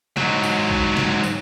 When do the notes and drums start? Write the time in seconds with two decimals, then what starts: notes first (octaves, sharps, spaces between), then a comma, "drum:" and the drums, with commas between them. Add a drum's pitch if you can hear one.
0.17 G#2 F#3, drum: snare
0.43 drum: tambourine
0.70 drum: kick
0.97 drum: snare
1.24 drum: tambourine